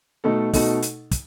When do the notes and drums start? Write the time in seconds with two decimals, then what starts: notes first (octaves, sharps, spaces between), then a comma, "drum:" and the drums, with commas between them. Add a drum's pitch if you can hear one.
0.24 B2 A3 D#4 A4
0.53 B2 A3 D#4 A4, drum: kick, open hi-hat
0.82 drum: hi-hat
1.11 drum: kick, hi-hat